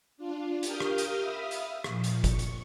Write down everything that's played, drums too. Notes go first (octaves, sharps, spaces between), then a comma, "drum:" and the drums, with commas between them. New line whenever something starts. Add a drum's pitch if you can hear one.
D4 F4
G4 A#4 F5 D#6 F6 G6, drum: hi-hat
drum: rim click
drum: hi-hat
E5 F5 B5 D#6
drum: hi-hat
A#2 F3, drum: rim click
drum: hi-hat
C#6, drum: kick, hi-hat
drum: hi-hat